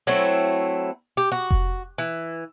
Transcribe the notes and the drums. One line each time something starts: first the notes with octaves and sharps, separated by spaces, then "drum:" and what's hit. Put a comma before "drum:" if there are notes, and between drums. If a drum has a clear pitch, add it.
F#3 A3 C4 E4
G4
F#4
drum: kick F1
E3